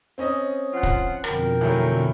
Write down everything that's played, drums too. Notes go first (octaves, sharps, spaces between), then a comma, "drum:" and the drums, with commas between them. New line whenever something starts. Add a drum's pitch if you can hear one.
C4 C#4 D#5
F3 F4 F#5
drum: kick D1
F2 B2 D3 A#4 G5, drum: rim click
E3 F#3 A3